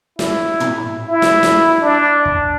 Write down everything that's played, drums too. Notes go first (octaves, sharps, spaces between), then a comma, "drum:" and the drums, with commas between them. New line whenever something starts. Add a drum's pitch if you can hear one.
E4, drum: snare
drum: tom
E4
drum: snare
drum: snare
D4
drum: kick